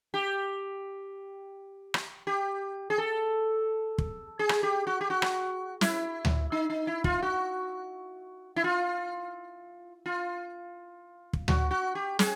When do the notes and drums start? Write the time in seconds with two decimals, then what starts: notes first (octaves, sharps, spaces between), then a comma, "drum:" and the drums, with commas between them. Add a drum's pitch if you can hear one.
0.14 G4
1.94 drum: rim click
2.27 G4
2.90 G#4
2.98 A4
3.98 drum: kick
4.39 G#4
4.49 drum: rim click
4.63 G4
4.87 F#4
5.01 G4
5.10 F#4
5.22 drum: rim click
5.81 E4, drum: snare
6.25 drum: tom D2
6.52 D#4
6.70 D#4
6.87 E4
7.04 F4, drum: kick
7.22 F#4
8.56 E4
8.64 F4
10.06 F4
11.33 drum: kick
11.48 F#4, drum: tom D2
11.71 F#4
11.95 G4
12.19 G#4, drum: snare